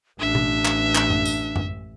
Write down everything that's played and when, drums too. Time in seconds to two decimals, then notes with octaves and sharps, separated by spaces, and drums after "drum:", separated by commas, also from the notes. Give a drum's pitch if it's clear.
0.20 A1 D4 E5
0.35 drum: tom B2
0.65 drum: clap
0.95 drum: clap
1.10 drum: tom F#2
1.25 drum: tambourine
1.56 drum: tom F#2